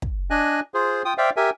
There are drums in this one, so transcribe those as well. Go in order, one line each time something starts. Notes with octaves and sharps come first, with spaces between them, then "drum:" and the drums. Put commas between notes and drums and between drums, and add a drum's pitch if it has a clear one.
drum: kick
D4 D#5 G#5 F#6
F4 G#4 C5
F4 G5 D#6
C5 D5 E5 F5 G5
G4 A#4 E5 G#5